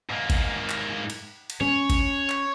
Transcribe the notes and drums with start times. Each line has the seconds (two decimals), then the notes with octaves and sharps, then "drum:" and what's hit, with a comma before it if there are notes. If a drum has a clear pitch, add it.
0.10 G#2 A#3
0.30 drum: kick G#1, cymbal
0.70 drum: clap
1.10 drum: cymbal
1.50 drum: cymbal
1.61 C#4 C#5
1.90 drum: kick G#1, cymbal
2.30 drum: clap